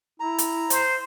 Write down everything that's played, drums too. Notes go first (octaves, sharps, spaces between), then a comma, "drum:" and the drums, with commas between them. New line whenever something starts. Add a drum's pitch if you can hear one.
E4 A#5
drum: hi-hat
C5, drum: hi-hat